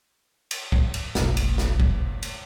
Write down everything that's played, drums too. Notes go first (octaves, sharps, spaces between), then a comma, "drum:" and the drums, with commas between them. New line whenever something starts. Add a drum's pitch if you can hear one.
drum: cymbal
drum: kick C2
drum: cymbal
F#1 B1, drum: snare
drum: cymbal
drum: snare
drum: kick C2
drum: cymbal